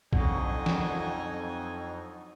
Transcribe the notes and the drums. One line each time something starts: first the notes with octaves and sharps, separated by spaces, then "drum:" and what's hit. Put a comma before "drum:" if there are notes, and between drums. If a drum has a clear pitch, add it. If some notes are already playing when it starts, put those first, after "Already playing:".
F2 D3 F#3 D#4 D#5 G#5, drum: kick A#1
drum: snare